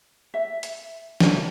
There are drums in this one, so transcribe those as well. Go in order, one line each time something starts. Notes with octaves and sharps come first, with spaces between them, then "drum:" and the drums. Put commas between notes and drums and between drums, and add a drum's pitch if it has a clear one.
E5
drum: hi-hat
E4 A4, drum: snare